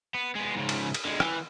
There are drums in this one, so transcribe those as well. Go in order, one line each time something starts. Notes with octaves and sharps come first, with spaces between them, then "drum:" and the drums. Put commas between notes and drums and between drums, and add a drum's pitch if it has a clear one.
B3
G#3 B3
G#2 C#3
drum: cymbal
drum: cymbal
D3 G#3
E3, drum: rim click